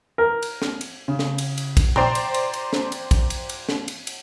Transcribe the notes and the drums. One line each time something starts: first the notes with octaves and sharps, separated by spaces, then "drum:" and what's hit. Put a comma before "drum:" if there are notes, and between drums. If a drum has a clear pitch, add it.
A#4
drum: cymbal
drum: snare
drum: cymbal
C#3
drum: snare
drum: cymbal
drum: cymbal
drum: kick, cymbal
C5 D5 G5 A#5 C6, drum: tom A#2
drum: cymbal
drum: cymbal
drum: cymbal
drum: snare
drum: cymbal
drum: kick, cymbal
drum: cymbal
drum: cymbal
drum: snare
drum: cymbal
drum: cymbal